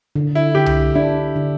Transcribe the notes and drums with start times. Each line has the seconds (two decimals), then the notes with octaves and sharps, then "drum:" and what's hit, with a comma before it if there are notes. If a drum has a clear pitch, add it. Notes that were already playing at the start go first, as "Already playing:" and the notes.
0.16 D3
0.35 E4
0.55 D3 G4
0.66 drum: tom C2
0.95 D4 E4
1.36 D3